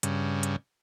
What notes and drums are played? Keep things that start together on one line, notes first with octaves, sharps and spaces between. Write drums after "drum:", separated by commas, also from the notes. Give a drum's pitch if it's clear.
G2 C#3, drum: hi-hat
drum: hi-hat